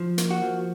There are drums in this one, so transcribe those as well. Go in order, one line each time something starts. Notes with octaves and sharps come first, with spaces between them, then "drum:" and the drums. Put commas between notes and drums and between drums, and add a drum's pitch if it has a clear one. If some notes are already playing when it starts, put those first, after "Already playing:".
Already playing: F3
A#3, drum: hi-hat
F#4
F3